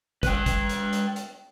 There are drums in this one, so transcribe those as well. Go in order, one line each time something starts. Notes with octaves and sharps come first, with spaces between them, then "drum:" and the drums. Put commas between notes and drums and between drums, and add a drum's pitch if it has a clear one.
B4 G5, drum: kick, hi-hat
drum: kick, hi-hat
drum: hi-hat
drum: hi-hat
drum: hi-hat